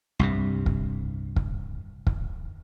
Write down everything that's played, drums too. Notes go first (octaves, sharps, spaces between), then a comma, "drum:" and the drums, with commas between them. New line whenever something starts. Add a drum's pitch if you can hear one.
C2 G2 C3
drum: kick
drum: kick
drum: kick